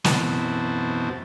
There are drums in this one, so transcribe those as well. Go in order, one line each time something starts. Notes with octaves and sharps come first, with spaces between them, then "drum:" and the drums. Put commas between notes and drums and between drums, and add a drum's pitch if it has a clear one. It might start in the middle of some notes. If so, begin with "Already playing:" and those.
F#2 B2 E3 C4 F#4 A5, drum: snare